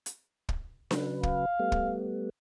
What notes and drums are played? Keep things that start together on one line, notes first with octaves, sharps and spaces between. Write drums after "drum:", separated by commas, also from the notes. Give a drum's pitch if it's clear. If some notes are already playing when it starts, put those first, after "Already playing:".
drum: hi-hat
drum: kick
C#3 F#3 B4, drum: snare D4
F5, drum: kick
G3 A3 B3
drum: kick